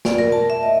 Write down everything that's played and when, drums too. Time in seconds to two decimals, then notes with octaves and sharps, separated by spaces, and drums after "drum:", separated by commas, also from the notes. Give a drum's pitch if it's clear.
0.05 D5, drum: snare
0.18 A#4
0.32 A5
0.50 E5
0.63 D#5